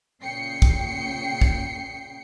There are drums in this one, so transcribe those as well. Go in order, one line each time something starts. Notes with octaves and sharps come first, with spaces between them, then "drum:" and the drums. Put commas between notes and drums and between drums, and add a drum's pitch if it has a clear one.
A#2 C#3 G5 C7 C#7
drum: kick
drum: kick